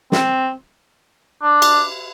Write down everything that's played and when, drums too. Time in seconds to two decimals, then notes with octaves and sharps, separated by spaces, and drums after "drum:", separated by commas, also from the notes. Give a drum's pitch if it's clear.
0.12 C4, drum: snare
1.42 D4
1.62 drum: cymbal